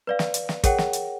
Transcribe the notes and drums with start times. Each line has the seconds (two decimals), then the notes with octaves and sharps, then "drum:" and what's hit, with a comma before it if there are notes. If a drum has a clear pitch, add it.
0.07 B4 D5 F5
0.19 drum: snare
0.34 drum: hi-hat
0.49 drum: snare
0.64 G#4 A#4 C#5 F#5 G5, drum: kick, hi-hat
0.78 drum: snare
0.93 drum: hi-hat